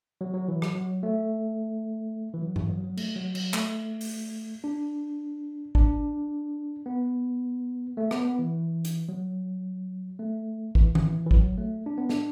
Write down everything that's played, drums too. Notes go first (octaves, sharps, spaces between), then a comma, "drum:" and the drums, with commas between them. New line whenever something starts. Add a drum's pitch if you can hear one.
F#3
F#3
E3
F#3, drum: rim click
F#3
A3
E3
F#3
E3, drum: tom G2
F#3
F#3
A3, drum: cymbal
F#3
F#3, drum: cymbal
A3, drum: clap
drum: open hi-hat
D4
D4, drum: kick G#1
B3
A3
B3, drum: rim click
B3
E3
drum: hi-hat
F#3
A3
E3, drum: kick G#1
E3, drum: tom D#3
E3
F#3, drum: kick G#1
A3
D4
B3
D4, drum: snare